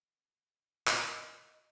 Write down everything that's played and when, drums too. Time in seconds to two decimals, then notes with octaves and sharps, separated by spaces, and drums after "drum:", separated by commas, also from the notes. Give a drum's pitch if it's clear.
0.88 D#5, drum: clap